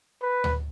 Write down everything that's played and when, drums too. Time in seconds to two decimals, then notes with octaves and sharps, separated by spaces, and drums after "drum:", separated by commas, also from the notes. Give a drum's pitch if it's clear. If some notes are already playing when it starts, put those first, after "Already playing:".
0.22 B4
0.44 drum: tom D2